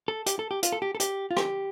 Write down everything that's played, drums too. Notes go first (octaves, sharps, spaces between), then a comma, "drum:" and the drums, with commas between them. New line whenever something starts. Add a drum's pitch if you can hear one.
A4
G4, drum: hi-hat
A4
G4
F4, drum: hi-hat
A4
G4
A4
G4, drum: hi-hat
F4
G4, drum: rim click